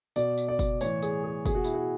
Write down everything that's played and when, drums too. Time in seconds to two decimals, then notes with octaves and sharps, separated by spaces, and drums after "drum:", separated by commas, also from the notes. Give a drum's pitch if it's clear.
0.16 B2 D5, drum: tambourine
0.38 drum: tambourine
0.48 D5
0.59 drum: kick, tambourine
0.81 A2 E3 C#5, drum: tambourine
1.02 G#4, drum: tambourine
1.24 G#4
1.45 B2 G#4, drum: kick, tambourine
1.55 F#4
1.64 E4, drum: tambourine
1.74 F#4